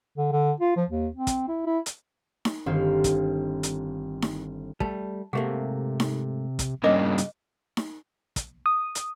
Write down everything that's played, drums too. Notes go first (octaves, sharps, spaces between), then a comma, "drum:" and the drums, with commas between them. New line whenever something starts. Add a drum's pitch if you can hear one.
D3
D3
F4
F3
D#2
C4
drum: kick, hi-hat
E4
E4
drum: hi-hat
drum: snare D#4
G1 D#3 C4 F5
drum: kick, hi-hat
drum: hi-hat
drum: snare D#4
G3 A3 A5, drum: kick
G#2 C3 A3 A#3 G4 G#4 F#5
drum: snare D#4
drum: kick, hi-hat
G2 C#3 A#4 D#5 D6
drum: hi-hat
drum: snare D#4
drum: kick, hi-hat
D#6
drum: hi-hat